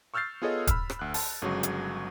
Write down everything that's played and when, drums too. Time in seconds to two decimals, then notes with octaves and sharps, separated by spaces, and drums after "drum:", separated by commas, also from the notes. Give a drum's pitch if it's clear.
0.14 C#6 E6 F6 G6 A6 C7
0.42 B3 F4 G#4 A4 C#5 D#5
0.67 B5 E6 F6, drum: kick, hi-hat
0.90 drum: rim click
0.99 D2 F#6
1.14 A5, drum: open hi-hat
1.42 G1 C#3 F#3 G#3 C#6
1.63 drum: hi-hat